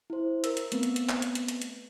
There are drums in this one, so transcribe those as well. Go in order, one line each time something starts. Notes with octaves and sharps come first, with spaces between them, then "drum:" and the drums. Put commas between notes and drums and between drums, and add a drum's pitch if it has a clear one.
E4 C5
A#4 E6, drum: hi-hat
drum: hi-hat
A3 B3 C4 B4, drum: hi-hat
drum: hi-hat
drum: hi-hat
drum: clap
drum: hi-hat
drum: hi-hat
drum: hi-hat
drum: hi-hat